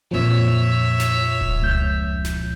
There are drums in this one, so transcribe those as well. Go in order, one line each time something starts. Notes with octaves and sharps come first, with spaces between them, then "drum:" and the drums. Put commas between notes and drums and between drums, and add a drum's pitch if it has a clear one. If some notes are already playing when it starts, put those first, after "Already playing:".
F2 A#2 F3 C#5 E5
drum: snare
drum: kick D1
C#2 G6
drum: snare